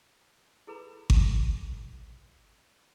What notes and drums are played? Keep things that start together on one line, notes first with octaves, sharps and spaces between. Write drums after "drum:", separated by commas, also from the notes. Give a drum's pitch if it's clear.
E4 G#4 A4 B4 A#5 B5
drum: kick G#1